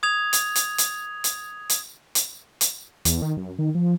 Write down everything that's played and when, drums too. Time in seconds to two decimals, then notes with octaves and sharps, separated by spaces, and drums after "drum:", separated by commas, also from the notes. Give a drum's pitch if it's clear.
0.03 D#6 G#6 F7
0.33 drum: hi-hat
0.55 drum: hi-hat
0.78 drum: hi-hat
1.24 drum: hi-hat
1.70 drum: hi-hat
2.15 drum: hi-hat
2.61 drum: hi-hat
3.05 E2, drum: hi-hat
3.22 D#3
3.37 F#2
3.59 D#3
3.75 F3